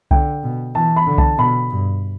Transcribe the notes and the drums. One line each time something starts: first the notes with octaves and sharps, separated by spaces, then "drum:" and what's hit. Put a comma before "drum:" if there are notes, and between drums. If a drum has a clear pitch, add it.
D3 G5, drum: kick C2
B2
E3 A5
B5
D3
A5, drum: kick C2
B2 B5
G2